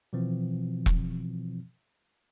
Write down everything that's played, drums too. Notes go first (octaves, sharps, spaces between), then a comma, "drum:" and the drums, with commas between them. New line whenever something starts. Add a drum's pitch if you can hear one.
B2 E3 F3 C4
drum: kick E1